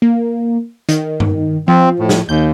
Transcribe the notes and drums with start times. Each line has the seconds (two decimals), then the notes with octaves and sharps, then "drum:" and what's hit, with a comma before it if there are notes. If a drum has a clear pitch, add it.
0.02 A#3
0.89 D#3, drum: hi-hat
1.20 drum: tom G2
1.68 F3 C4
1.99 A2
2.09 drum: snare
2.29 D#2 G6